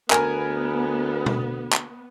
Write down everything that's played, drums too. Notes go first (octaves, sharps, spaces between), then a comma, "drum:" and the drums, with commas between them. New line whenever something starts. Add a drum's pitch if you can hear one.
D2 B3 A#4 G#5, drum: clap
drum: tom B2
drum: clap